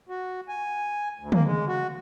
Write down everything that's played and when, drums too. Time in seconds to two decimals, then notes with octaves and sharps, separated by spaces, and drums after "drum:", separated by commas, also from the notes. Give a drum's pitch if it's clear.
0.09 F#4
0.48 G#5
1.20 D2
1.32 A#3, drum: tom
1.45 G#3
1.68 F#4